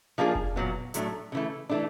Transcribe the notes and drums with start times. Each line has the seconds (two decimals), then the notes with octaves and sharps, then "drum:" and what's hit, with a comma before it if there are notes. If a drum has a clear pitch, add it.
0.18 F3 A#3 D4 F4 G#4
0.35 drum: kick F1
0.56 A#2 F#3 B3
0.94 A2 F#3 A3 D4, drum: hi-hat
1.32 C#3 E3 A3
1.69 E3 A3 D4